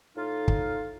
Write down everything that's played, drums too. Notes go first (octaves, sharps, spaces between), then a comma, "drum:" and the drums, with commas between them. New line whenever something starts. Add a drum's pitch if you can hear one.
A2 D#4 F4
drum: kick